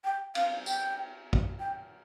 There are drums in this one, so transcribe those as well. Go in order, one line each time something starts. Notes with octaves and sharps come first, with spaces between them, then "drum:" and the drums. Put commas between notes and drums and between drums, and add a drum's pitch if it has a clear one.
G5
F5, drum: cymbal
G5, drum: tambourine
drum: kick
G5